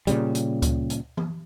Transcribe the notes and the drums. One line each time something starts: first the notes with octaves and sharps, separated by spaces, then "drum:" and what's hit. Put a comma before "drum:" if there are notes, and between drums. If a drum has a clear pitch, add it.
A#2 C#3 G3, drum: hi-hat
drum: hi-hat
drum: kick C#2, hi-hat
drum: hi-hat
drum: tom E3